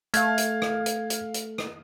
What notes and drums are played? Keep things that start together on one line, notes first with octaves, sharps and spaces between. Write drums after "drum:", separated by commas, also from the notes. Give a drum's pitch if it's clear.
A3 F5 F6 G#6, drum: hi-hat
drum: hi-hat
drum: rim click
drum: hi-hat
drum: hi-hat
drum: hi-hat
drum: rim click